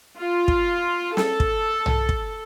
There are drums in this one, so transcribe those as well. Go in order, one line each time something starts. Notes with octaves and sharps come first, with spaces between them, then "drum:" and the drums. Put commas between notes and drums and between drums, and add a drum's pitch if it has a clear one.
F4
drum: kick
A4, drum: snare
drum: kick
drum: tom B1
drum: kick